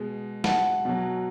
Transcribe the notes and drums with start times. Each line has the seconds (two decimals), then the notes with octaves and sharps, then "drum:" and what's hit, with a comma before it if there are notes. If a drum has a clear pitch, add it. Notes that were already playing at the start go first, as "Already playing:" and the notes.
Already playing: B2 G#3
0.44 F#5 A5, drum: snare
0.85 B2 F#3